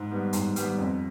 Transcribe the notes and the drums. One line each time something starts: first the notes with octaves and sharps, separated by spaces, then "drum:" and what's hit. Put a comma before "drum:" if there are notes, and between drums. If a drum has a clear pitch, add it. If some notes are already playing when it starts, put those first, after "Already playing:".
Already playing: G#2
G3 B3
G#2, drum: hi-hat
G3 B3, drum: hi-hat
F2